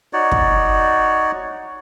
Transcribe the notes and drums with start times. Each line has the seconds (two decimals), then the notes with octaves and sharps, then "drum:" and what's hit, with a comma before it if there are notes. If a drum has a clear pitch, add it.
0.13 D#4 F#4 C#5 D5
0.32 drum: kick